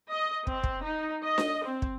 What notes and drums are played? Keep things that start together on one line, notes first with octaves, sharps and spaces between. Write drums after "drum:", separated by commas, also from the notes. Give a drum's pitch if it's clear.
D#5
C4, drum: kick
drum: kick
D#4
D#5
drum: snare D4
C4
drum: kick